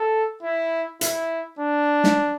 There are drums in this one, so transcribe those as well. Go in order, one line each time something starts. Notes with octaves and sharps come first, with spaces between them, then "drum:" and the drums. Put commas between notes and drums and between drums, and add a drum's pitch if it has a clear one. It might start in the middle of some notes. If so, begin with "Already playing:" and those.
Already playing: A4
E4
E4, drum: hi-hat
D4
drum: snare